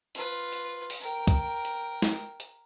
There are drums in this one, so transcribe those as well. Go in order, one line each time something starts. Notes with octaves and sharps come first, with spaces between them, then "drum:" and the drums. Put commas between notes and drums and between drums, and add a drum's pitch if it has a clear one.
F4 B4, drum: hi-hat
drum: hi-hat
drum: open hi-hat
A#4 G5
drum: kick, hi-hat
drum: hi-hat
drum: snare
drum: hi-hat